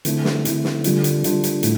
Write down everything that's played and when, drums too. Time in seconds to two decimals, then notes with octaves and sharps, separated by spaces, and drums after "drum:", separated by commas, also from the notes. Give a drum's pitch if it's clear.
0.05 D3 A3 C4 E4, drum: hi-hat
0.25 drum: snare
0.45 D3 A3 C4 E4, drum: hi-hat
0.64 drum: snare
0.84 D3 G3 D4 F4, drum: hi-hat
1.04 drum: hi-hat
1.24 D3 G3 D4 F4, drum: hi-hat
1.44 drum: hi-hat
1.63 A2, drum: hi-hat